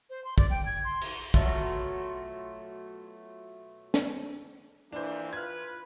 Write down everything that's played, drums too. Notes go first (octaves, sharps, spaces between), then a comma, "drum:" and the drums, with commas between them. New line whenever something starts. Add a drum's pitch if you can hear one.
C5
C6
D5, drum: kick
G5
G#6
C6
drum: cymbal
B2 F#3 A3 F4, drum: kick
drum: snare
F2 E3 A#3 D4 C5
F4 B4 F6 G#6